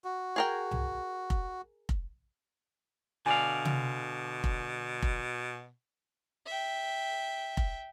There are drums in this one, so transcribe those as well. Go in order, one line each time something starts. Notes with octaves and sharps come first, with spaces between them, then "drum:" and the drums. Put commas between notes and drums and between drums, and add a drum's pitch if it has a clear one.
F#4
G#4 A#4 G5
drum: tom C2
drum: kick F1
drum: kick F1
B2 D3 D5 F5 G#5
drum: tom
drum: kick F1
drum: kick F1
E5 G5
drum: kick F1